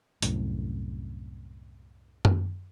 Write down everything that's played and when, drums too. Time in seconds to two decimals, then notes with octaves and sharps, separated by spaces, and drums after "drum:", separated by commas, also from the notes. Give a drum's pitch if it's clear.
0.22 C2 F#2 A2, drum: hi-hat
2.25 drum: tom F#2